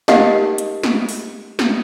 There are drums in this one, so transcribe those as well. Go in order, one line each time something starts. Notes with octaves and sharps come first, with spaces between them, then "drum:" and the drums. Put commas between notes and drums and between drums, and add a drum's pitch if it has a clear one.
D#4 G4 A#4 D#5 F5 F#5, drum: snare
drum: hi-hat
drum: snare
drum: open hi-hat
drum: snare